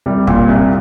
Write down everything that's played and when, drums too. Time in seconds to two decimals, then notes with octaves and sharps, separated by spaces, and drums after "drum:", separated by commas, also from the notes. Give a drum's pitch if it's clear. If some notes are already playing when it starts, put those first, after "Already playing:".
0.06 C2 G3
0.27 A#2, drum: kick
0.48 C2